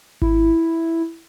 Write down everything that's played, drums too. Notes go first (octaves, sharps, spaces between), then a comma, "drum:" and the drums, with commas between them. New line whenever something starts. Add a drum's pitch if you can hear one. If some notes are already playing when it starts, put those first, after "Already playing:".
E4, drum: kick G#1